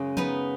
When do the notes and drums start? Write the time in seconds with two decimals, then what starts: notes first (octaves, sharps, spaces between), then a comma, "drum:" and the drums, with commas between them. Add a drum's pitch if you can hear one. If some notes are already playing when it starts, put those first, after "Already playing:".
Already playing: F#2 C#3 G#3 C#4
0.17 B3 D#4, drum: tom F3